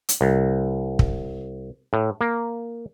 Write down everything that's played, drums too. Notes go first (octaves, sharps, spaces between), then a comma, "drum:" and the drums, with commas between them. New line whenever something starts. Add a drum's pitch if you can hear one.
drum: hi-hat
C2
drum: kick
A2
A#3